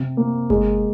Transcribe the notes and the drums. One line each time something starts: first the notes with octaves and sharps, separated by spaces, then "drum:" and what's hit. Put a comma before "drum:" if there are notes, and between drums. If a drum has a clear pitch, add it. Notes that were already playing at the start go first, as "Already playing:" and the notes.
Already playing: C3
A#3
G#3, drum: kick G1